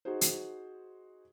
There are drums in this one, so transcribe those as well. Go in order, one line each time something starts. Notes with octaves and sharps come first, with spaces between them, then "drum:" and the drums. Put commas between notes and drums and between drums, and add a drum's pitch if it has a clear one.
D#4 F#4 G#4 C5
drum: hi-hat